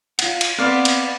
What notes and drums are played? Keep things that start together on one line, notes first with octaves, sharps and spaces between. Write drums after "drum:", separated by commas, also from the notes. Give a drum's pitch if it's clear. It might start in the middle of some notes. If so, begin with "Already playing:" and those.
F4 F#5, drum: cymbal
drum: cymbal
B3 C4 D5 F5
drum: cymbal